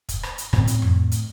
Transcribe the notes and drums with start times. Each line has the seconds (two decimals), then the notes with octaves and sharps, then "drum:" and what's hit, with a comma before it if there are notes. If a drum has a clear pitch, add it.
0.09 drum: kick, hi-hat
0.23 drum: rim click
0.38 drum: hi-hat
0.53 A2 C4, drum: rim click
0.67 drum: hi-hat
0.82 drum: tom F2
1.12 drum: hi-hat